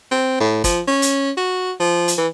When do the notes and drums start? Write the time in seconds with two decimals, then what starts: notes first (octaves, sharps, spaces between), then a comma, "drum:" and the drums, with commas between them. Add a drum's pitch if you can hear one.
0.11 C4
0.40 A2
0.64 F3, drum: kick, hi-hat
0.87 C#4
1.02 drum: hi-hat
1.37 F#4
1.80 F3
2.08 drum: hi-hat
2.18 E3